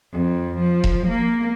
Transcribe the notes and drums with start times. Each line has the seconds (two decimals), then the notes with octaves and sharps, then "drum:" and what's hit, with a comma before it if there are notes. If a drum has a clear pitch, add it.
0.12 F2
0.60 F3
0.84 drum: kick E1
1.09 A#3